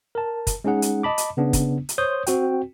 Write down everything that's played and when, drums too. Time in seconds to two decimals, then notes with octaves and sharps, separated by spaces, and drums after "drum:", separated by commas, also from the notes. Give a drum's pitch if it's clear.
0.15 A#4 A5
0.47 drum: kick, hi-hat
0.64 G#3 C#4 D#4 G#4 F#5
0.82 drum: hi-hat
1.03 D#5 A5 B5 D6
1.18 drum: hi-hat
1.37 C#3 B3 D4
1.53 drum: kick, hi-hat
1.89 drum: hi-hat
1.98 C5 C#5 C6 D#6 G6
2.27 C4 F#4 G5, drum: hi-hat